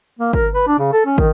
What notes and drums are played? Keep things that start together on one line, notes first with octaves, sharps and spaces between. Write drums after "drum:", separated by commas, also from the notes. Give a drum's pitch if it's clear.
A#3
A#4, drum: kick
B4
D4
C#3
A4
C#4
D#3, drum: kick